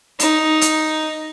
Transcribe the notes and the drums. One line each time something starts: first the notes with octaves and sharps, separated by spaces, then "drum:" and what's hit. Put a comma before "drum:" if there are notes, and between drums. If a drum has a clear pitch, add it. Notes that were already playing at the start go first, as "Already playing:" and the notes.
D#4, drum: hi-hat
drum: hi-hat